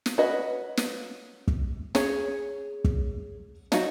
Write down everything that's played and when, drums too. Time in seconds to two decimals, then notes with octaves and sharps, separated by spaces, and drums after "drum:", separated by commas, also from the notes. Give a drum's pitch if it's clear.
0.06 drum: snare
0.18 C#4 F#4 B4 D#5
0.77 drum: snare
1.48 drum: kick
1.95 C#4 G#4 C#5, drum: snare
2.84 drum: kick
3.72 F#3 D#4 F#4, drum: snare